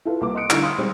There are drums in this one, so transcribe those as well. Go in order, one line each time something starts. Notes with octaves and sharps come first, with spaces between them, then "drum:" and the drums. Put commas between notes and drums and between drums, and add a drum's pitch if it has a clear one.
E4 F4 A4 B4
C2 A#3 B4 D6
D#5 C6 D#6 F#6 C#7 D7
D3 G3 D#4 E4, drum: clap
F5 B5 C6 D#6
G3 G#3 C4 D#4 G#4